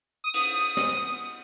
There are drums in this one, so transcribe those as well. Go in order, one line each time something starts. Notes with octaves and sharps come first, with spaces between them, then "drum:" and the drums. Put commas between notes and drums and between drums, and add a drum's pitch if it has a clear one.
D#6
drum: cymbal
drum: snare